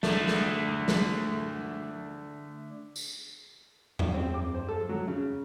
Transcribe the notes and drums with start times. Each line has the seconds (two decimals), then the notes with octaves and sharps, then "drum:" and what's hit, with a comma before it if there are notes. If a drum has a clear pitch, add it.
0.03 D3 A3, drum: snare
0.27 drum: snare
0.88 drum: snare
2.96 drum: tambourine
3.99 drum: tom E2
4.14 C4
4.34 D6
4.54 C5
4.69 A4
4.89 F#3
5.08 C#3